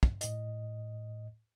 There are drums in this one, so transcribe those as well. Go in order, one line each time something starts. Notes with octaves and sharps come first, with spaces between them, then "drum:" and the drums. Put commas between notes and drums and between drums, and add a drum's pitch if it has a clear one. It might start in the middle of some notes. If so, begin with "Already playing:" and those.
drum: kick
A2 D#5, drum: hi-hat